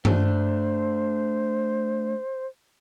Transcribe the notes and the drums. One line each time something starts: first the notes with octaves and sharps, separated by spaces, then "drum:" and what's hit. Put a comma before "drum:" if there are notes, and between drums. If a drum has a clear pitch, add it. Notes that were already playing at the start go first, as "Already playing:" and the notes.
A3 D4 C5, drum: tom